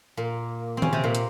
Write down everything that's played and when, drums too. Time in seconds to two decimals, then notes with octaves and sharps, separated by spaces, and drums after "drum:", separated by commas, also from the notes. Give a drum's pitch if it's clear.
0.17 A#2 A#3
0.77 C4
0.82 C#3 C#4, drum: tom D#3
0.93 C3 C4
1.04 A#2 A#3
1.15 drum: hi-hat